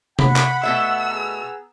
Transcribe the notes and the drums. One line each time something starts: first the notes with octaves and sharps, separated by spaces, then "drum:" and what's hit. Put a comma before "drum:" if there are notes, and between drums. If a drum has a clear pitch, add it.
F#5 B5, drum: tom C3
drum: clap
B2 A3 E5 E6
B3 G#4 A#5